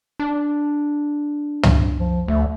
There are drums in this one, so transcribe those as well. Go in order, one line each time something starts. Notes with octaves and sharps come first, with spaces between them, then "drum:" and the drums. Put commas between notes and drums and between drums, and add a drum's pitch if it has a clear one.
D4
drum: tom
F3
D2 A3